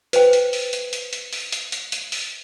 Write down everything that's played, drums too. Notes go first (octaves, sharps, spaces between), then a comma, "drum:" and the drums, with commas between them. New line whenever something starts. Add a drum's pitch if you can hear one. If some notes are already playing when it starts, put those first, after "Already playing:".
B4 C5 G5, drum: hi-hat
drum: hi-hat
drum: open hi-hat
drum: hi-hat
drum: hi-hat
drum: hi-hat
drum: open hi-hat
drum: hi-hat
drum: hi-hat
drum: hi-hat
drum: open hi-hat